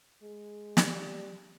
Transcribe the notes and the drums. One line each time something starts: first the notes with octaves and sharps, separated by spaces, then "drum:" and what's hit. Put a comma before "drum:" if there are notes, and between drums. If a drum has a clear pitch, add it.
G#3
G3, drum: snare